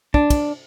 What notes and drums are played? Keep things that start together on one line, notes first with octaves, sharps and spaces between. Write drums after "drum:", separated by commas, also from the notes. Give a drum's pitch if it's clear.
D4, drum: kick
drum: kick, cymbal